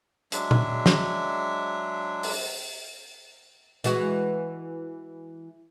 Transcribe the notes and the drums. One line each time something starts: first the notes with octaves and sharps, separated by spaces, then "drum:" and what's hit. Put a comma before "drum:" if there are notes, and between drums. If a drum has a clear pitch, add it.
F#3 G#3 D4 E5, drum: hi-hat
drum: tom
drum: snare
drum: open hi-hat
E3 G#3 F#4, drum: hi-hat